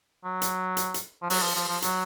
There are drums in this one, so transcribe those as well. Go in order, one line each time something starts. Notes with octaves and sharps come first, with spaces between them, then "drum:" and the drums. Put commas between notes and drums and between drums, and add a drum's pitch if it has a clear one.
F#3
drum: hi-hat
drum: hi-hat
drum: hi-hat
F3
F#3, drum: open hi-hat
F3
F3
F3
F#3, drum: hi-hat